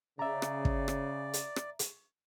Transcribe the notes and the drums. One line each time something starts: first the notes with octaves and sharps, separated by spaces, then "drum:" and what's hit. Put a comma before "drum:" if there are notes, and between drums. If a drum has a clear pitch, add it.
C#3 D5 E5 A#5
drum: rim click
drum: kick
drum: rim click
drum: hi-hat
drum: rim click
drum: hi-hat